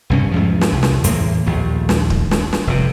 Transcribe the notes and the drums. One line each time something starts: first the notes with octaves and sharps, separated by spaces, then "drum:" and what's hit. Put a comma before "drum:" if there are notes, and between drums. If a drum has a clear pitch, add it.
C2 G2 C#4
E2 G#2 F3
drum: snare
C2
drum: snare
E2 A2 E3 A#3, drum: hi-hat
A#1 D#2 A3
drum: snare
drum: kick D1
drum: snare
drum: snare
F1 C3